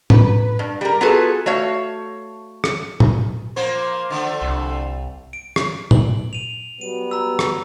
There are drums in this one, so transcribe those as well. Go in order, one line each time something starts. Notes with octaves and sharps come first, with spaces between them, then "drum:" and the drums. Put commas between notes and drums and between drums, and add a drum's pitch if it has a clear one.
B4, drum: tom A2
G2
G3 A#4
B3 F4 F#4 G#4 A4 B4
A3 F#4 C#5 F5
drum: rim click
drum: tom A#2
F3 A#3 C5
D3 F3 A3
C2
D7
drum: rim click
F#7, drum: tom A#2
D#7 F7
F#3 G3 B3 D#7
A#5 E6
drum: rim click